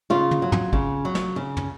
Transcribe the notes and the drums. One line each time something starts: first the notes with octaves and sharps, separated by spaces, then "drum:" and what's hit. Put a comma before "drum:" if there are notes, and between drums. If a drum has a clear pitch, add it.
C#3 F4
drum: tom
F#3
drum: tom
C#3, drum: kick
F#3
drum: snare
C#3
drum: tom